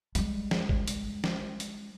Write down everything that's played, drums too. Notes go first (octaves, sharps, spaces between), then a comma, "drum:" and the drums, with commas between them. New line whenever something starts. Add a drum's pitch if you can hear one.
G3 G#3, drum: hi-hat
drum: snare F3
drum: kick
drum: hi-hat
drum: snare F3
drum: hi-hat